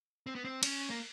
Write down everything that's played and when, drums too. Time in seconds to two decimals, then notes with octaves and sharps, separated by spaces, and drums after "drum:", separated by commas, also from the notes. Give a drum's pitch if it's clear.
0.26 C4
0.35 B3
0.45 C4
0.63 C#4, drum: cymbal
0.90 A#3